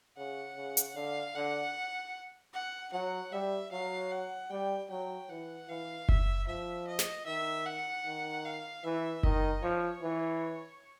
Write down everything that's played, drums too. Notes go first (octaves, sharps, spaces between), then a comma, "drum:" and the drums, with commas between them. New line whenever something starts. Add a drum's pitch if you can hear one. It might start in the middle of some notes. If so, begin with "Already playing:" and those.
C#3 F#5
C#3
drum: hi-hat
D3 F5
D3 F#5
F#5
F#3 F#5
G3 E5
F#3 F5
F#5
G3 G5
F#3 G5
E3 F#5
E3 F5
E5, drum: kick F#1
F3 E5
D#5
drum: snare
D#3 E5
F#5
D#3
F5
E3 E5
D#3 D#5, drum: kick F#1
F3 C#5
E3